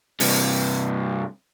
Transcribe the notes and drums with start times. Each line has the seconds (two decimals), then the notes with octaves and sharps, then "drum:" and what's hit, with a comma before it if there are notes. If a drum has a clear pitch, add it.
0.20 G2 C3, drum: open hi-hat